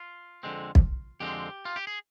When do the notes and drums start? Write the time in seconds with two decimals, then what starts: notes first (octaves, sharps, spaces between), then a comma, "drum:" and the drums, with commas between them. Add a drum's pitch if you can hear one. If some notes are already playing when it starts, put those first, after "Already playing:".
Already playing: F4
0.43 F2 D3 G#3 C4
0.75 drum: kick
1.20 F2 D3 G#3 C4 G4
1.65 F4
1.76 G4
1.87 G#4